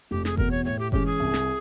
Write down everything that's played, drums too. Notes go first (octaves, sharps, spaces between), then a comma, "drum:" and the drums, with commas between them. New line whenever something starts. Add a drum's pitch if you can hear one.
F1 G4
G#4, drum: snare
E2 B2 A#4, drum: kick F#1
C#5
A2 C#5
G4
E3 G#3 C#4 G4, drum: kick F#1
G#4
C2
drum: snare